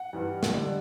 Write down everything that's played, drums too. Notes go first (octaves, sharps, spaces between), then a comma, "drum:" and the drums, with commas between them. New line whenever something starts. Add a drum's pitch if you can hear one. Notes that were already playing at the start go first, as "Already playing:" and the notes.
Already playing: F#5
G2 E3 G3
drum: snare
D3 G3 D5